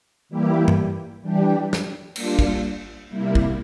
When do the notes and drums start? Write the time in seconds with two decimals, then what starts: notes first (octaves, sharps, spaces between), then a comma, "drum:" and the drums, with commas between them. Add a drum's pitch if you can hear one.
0.29 E3 G3 A#3 E4 G4
0.68 drum: tom G2
1.22 E3 G3 D4 G4
1.73 drum: snare
2.16 G3 A#3 D4 F4, drum: cymbal
2.39 drum: kick
3.09 C3 G3 A#3 E4
3.35 drum: kick